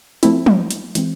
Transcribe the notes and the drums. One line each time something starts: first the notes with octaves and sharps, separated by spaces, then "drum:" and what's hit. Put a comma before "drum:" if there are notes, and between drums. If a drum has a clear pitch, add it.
F3 A3 C4 E4, drum: hi-hat
drum: tom
drum: hi-hat
E3 G#3 C4, drum: hi-hat